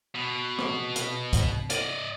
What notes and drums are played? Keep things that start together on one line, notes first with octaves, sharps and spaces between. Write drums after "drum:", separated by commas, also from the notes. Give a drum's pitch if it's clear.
B2
drum: rim click
drum: hi-hat
drum: kick, hi-hat
D5 D#5, drum: hi-hat